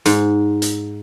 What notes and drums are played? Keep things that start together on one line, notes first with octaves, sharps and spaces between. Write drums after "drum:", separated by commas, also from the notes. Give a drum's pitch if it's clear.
G#2, drum: hi-hat
drum: hi-hat